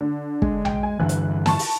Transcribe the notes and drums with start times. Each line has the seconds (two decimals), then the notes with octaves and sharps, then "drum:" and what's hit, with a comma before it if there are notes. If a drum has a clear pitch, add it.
0.01 D3
0.42 G#3, drum: kick
0.65 G5, drum: tom A#1
0.83 G#5
1.00 G2 D3 E3 F#6
1.09 drum: hi-hat
1.46 A5 C#6, drum: snare
1.59 drum: open hi-hat